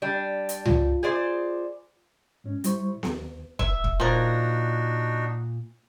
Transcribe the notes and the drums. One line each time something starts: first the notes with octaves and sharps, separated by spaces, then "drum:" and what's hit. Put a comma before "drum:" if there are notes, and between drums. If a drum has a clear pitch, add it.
G3 D4 D5
drum: hi-hat
F4, drum: tom C#2
G#4 C5 D5
G#2 C#4
G3 E4 C5 C#6, drum: hi-hat
D#2, drum: snare B3
E5, drum: kick
drum: kick
A#2 F3 D4 D#4 F#4 A#4